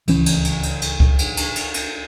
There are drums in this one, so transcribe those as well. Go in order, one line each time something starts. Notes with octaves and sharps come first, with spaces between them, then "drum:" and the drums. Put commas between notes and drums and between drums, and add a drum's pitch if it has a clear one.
D1 C#2 E3 C#4, drum: cymbal
drum: cymbal
drum: cymbal
drum: cymbal
drum: cymbal
drum: kick C#2
drum: cymbal
drum: cymbal
drum: cymbal
drum: cymbal